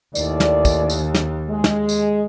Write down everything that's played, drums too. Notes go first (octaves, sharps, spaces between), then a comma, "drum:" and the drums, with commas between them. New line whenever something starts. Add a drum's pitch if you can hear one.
D#2 A2 D#3 D5, drum: tambourine
drum: snare
drum: kick, tambourine
drum: tambourine
drum: snare
G#3
drum: snare
drum: tambourine